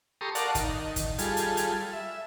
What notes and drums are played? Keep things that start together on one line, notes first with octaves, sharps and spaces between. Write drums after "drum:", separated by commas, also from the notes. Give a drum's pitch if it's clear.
G4 A4 A#5 C6 C#6 D#6
A#4 D5 F5 F#5 A5, drum: hi-hat
D#3, drum: kick, hi-hat
drum: kick, hi-hat
G3 F4 G#4 A4, drum: hi-hat
drum: hi-hat
drum: hi-hat
E5